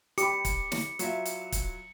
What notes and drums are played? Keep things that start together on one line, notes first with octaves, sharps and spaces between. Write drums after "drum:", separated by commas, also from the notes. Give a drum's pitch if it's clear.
G4 B5 D6 C#7, drum: hi-hat
drum: kick, hi-hat
drum: snare
F#3 F4 E5, drum: hi-hat
drum: hi-hat
drum: kick, hi-hat